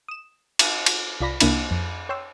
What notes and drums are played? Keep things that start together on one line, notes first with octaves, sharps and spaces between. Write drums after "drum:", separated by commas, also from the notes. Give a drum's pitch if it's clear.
D#6 E7
drum: cymbal
drum: cymbal
C2 F4 D5 B5 A#6 B6
C2 A#3 D4 E4 B5, drum: cymbal
F2
C#5 G5 C6 E6